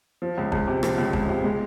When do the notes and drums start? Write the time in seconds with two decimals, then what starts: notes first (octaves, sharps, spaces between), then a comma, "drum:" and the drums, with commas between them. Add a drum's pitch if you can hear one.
0.22 F3
0.38 C#2
0.52 C#2, drum: kick
0.67 C3
0.83 F3, drum: rim click
0.98 C#2
1.13 C#2, drum: kick
1.28 C3
1.44 G#3